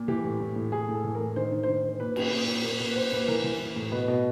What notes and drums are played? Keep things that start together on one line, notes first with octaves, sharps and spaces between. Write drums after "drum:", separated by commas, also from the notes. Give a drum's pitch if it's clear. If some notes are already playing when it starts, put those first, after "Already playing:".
Already playing: A#2
E3 G4
A2
A2
A2
A2 G#4
A2
A4
E3
A#4
A2
D#3 C5
D#3
D#3 C5
D#3 C5
A#2 B4
A#2, drum: cymbal
A#2
A#2
A#2 A#4
A#2 B4
A#2 C5
A#2 B4
E3 A#4
E3
E3
A2
B2 B4
B2